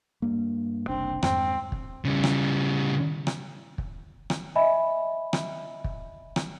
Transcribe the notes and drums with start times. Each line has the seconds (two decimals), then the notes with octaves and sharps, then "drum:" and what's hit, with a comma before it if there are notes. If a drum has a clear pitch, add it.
0.22 G2 A#3
0.88 F#1 C2 C4 D4
1.23 F2 G#2 C4, drum: rim click
1.72 drum: kick
2.05 C#3 G3
2.24 drum: rim click
3.27 drum: rim click
3.78 drum: kick
4.30 drum: rim click
4.56 D#5 E5 G#5 B5
5.33 drum: rim click
5.84 drum: kick
6.36 drum: rim click